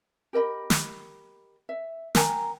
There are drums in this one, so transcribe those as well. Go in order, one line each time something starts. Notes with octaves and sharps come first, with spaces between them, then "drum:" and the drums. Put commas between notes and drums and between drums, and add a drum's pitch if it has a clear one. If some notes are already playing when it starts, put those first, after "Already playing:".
G4 A#4 D#5 B5
drum: snare
E5
A#4 G5 G#5 A#5, drum: snare